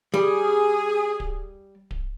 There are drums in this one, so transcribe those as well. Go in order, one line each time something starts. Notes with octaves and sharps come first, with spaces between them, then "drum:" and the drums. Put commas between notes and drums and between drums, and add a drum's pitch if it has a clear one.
G3 G#4
drum: kick D1
drum: kick D1